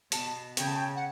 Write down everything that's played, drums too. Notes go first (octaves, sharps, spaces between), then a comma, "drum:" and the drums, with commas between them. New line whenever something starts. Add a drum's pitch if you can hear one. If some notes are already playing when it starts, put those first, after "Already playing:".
B2 A5, drum: hi-hat
C#3 G5, drum: hi-hat
A5
G5
F#5